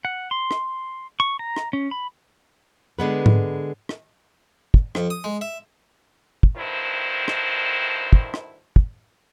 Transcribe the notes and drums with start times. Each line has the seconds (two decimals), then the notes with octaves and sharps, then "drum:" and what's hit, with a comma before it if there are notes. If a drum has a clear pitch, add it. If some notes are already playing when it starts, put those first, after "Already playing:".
0.05 F#5
0.31 C6
0.51 drum: rim click
1.20 C#6
1.39 A#5
1.56 drum: rim click
1.73 C#4
1.91 B5
2.99 D3 G#3 B3 B4
3.26 drum: tom G#2
3.89 drum: rim click
4.74 drum: kick
4.95 F2, drum: rim click
5.10 D#6
5.24 G#3
5.41 E5
6.43 drum: kick
6.57 D2 G2 D#3 E4 C5
7.28 drum: rim click
8.13 drum: kick
8.34 drum: rim click
8.76 drum: kick